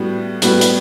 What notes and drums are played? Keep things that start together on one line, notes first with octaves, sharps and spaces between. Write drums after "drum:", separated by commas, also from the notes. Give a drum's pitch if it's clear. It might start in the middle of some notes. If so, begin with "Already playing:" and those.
Already playing: A2 G3 B3 F#4
A2 G3 B3 F#4, drum: hi-hat
drum: hi-hat